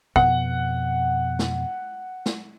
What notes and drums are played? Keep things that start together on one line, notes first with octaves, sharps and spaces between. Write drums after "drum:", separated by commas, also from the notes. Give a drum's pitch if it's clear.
F2 B2 B3 F#5, drum: kick
drum: snare
drum: snare